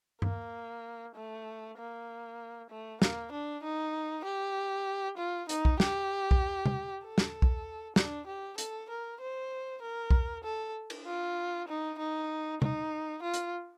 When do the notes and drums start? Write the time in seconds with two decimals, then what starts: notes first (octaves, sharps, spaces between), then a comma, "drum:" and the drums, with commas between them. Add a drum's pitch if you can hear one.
0.22 A#3, drum: tom G2
1.15 A3
1.78 A#3
2.70 A3
3.02 A#3, drum: snare
3.32 D4
3.63 D#4
4.25 G4
5.17 F4
5.49 D#4, drum: hi-hat
5.65 drum: kick B1
5.80 G4, drum: snare
6.31 drum: kick B1
6.66 drum: tom C3
7.04 A4
7.18 drum: snare
7.42 drum: kick B1
7.96 D4, drum: snare
8.27 G4
8.58 A4, drum: hi-hat
8.90 A#4
9.21 C5
9.82 A#4
10.11 drum: kick B1
10.44 A4
10.90 drum: cymbal
11.06 F4
11.68 D#4
11.99 D#4
12.62 D#4, drum: tom C3
13.22 F4
13.34 drum: hi-hat